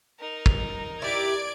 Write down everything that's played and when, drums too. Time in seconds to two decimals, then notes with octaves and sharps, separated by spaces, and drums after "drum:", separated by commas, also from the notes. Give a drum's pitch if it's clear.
0.19 D#4 A#4
0.46 drum: kick
1.02 E4 G4 D5 G#6 D7